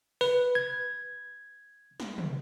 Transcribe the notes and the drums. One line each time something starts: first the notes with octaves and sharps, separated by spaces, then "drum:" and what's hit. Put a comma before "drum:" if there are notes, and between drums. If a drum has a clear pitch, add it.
B4, drum: open hi-hat
G#6
drum: snare
drum: tom